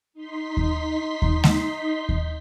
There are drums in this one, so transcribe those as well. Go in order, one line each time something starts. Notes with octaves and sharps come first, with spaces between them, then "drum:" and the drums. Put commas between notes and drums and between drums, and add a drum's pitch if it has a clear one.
D#4 C6 B6
drum: kick D#2
drum: kick D#2
drum: snare G#3
drum: kick D#2